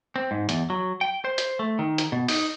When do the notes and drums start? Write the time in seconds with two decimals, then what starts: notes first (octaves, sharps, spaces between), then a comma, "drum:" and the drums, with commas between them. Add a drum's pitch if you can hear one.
0.16 C4
0.31 G#2
0.49 E2, drum: hi-hat
0.70 F#3
1.01 G5
1.25 C5
1.38 drum: hi-hat
1.59 A3
1.79 D#3
1.98 drum: hi-hat
2.12 B2
2.28 D#4, drum: open hi-hat